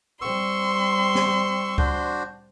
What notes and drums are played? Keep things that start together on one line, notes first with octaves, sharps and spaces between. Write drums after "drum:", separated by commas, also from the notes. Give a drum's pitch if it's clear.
G3 C4 C6 C#6 E6
drum: snare
D4 F#4 C5, drum: kick C#2